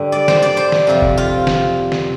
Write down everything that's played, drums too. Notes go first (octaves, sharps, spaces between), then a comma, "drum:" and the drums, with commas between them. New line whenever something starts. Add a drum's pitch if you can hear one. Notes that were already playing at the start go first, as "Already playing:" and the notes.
Already playing: G2 D3 G3
D5
C5, drum: snare
D5
C5
drum: snare
F2 C3 F3
drum: kick
F4
drum: snare
drum: snare